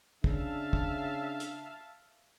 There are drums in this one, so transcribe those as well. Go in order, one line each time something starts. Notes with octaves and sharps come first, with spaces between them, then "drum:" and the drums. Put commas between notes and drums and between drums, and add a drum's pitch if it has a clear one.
C#3 D4 E5 F5 A5, drum: kick
drum: kick
drum: hi-hat